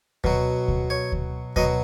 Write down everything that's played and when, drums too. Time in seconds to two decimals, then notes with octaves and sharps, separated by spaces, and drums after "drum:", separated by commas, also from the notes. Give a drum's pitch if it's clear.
0.24 B2 F#3, drum: kick D2
0.68 drum: kick D2
0.90 C#5
1.12 drum: kick D2
1.56 B2 F#3 D#5, drum: kick D2